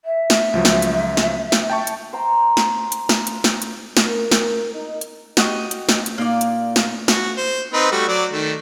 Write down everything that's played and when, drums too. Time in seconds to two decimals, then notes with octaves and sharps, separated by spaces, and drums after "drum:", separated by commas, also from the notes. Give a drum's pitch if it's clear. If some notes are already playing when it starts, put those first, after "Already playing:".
0.05 E5
0.30 drum: snare
0.54 C#2 F3 F#3
0.65 drum: snare
0.82 drum: hi-hat
1.17 drum: snare
1.52 drum: snare
1.70 G5 A5 C#6
1.87 drum: hi-hat
2.13 C5 G5 A#5
2.57 drum: snare
2.92 drum: hi-hat
3.09 drum: snare
3.27 drum: hi-hat
3.44 drum: snare
3.62 drum: hi-hat
3.97 drum: snare
4.06 A#4
4.31 drum: snare
4.74 D#4
5.01 drum: hi-hat
5.37 F#4 G4 D#5, drum: snare
5.71 drum: hi-hat
5.89 drum: snare
6.06 drum: hi-hat
6.18 A#2 A#3 D#4 F4 D5
6.41 drum: hi-hat
6.76 drum: snare
7.08 F#4, drum: snare
7.37 C5
7.74 C4 D#4 B4
7.92 G3 A3 F#4
8.08 F#3 D5
8.32 D#3 A3